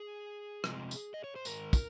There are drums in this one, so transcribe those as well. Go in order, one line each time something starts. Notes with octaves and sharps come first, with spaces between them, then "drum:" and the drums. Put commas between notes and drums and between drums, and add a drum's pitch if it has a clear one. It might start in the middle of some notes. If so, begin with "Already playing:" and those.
Already playing: G#4
C3 F3 G#3, drum: rim click
drum: tambourine
D#5
C#5
C5
G#2 D#3 A#4, drum: tambourine
drum: kick, tambourine